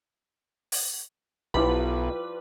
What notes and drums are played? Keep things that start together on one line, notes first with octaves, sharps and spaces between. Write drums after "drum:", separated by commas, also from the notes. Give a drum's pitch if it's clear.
drum: open hi-hat
B1 F3 G3 E4 G4 B4 B5 D6, drum: kick